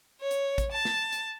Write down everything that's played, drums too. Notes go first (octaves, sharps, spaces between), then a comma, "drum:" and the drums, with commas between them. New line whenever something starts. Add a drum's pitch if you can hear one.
C#5
drum: hi-hat
drum: kick, hi-hat
A5
drum: snare
drum: hi-hat